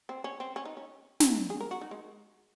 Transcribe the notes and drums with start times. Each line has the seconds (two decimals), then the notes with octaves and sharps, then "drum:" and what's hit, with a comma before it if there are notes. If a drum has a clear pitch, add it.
0.09 C4
0.24 C#4
0.40 C4
0.56 C#4
0.65 D#4
0.77 C#4
1.20 drum: snare
1.50 G#4
1.60 A#4
1.71 F#4
1.81 D#4
1.91 G#3